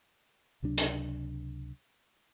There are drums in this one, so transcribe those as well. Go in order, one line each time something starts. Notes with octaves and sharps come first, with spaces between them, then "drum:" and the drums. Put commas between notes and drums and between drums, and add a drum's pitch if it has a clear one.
C#2 C3 F#3 D4
drum: hi-hat